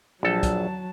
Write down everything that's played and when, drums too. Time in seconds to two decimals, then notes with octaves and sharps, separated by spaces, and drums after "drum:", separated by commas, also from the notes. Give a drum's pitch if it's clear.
0.23 A#1 F#3 A4 A5
0.43 drum: kick, hi-hat